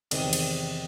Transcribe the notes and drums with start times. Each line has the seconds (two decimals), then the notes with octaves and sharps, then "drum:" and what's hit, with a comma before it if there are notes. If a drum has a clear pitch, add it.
0.11 E2 C3 D#3, drum: cymbal
0.33 drum: cymbal